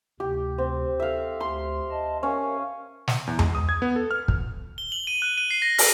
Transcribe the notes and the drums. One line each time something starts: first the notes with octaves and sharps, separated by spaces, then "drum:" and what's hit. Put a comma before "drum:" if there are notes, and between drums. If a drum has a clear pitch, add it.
D2 C3 G4
C4
A4 E5 F5
D2 C6
D#5 A5
C#4 A#4 F5
drum: snare
E2
G#3, drum: tom E2
D#6
G#6
B3
A4
F6
drum: kick
G7
F#7
D#7
F#6
D#7
C7
A#6
F6, drum: open hi-hat